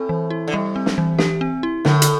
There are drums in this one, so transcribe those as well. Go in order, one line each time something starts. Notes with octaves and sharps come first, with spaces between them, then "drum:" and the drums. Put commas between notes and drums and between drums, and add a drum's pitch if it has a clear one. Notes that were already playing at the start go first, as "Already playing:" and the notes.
Already playing: A2 C4
E3
E4
D3
C3 G3
C4
drum: snare
E3
G4, drum: snare
C4
E4
A2 D3, drum: snare
drum: hi-hat